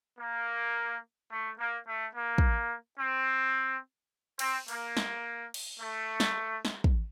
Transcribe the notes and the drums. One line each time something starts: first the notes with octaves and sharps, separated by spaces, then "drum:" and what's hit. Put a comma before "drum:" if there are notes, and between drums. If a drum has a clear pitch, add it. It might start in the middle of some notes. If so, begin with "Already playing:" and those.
A#3
A3
A#3
A3
A#3
drum: kick
C4
C4, drum: cymbal
A#3, drum: open hi-hat
drum: snare
drum: cymbal
A3
drum: snare
drum: snare
drum: kick